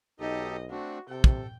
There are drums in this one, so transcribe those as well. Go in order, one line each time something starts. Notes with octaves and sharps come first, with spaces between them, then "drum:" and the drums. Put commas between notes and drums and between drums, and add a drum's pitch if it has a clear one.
B1 D#4 G4 A4 D#5
A3 C4 D4 F#4
C3 A4 G5
drum: kick